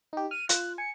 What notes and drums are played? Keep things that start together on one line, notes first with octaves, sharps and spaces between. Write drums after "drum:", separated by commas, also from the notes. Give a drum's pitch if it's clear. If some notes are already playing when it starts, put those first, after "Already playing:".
D#4 G4
F6 D#7
F4 F#6, drum: hi-hat
G#5 C#7